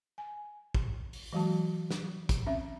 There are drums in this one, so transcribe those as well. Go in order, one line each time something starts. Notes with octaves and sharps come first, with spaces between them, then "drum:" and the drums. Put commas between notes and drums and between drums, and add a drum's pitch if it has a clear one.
G#5
drum: kick
drum: open hi-hat
E3 F#3 G#3 F#4 A5
drum: snare
drum: kick, hi-hat
C4 C#4 E5